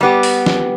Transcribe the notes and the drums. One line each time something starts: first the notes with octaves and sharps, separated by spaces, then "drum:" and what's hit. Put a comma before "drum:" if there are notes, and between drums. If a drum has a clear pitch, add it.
G3 B3 G4
drum: open hi-hat
drum: snare